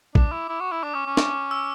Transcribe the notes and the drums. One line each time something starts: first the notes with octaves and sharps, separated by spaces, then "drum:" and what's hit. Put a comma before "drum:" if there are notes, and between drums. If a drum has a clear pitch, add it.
D4 D6, drum: kick A#1
E4
E4
F#4
E4
D4 D6
C#4
C#4
drum: snare
E6